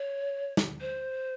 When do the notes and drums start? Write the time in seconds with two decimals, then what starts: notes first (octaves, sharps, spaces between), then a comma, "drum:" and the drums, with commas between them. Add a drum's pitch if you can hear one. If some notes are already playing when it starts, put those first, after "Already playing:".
Already playing: C#5
0.57 drum: snare
0.80 C5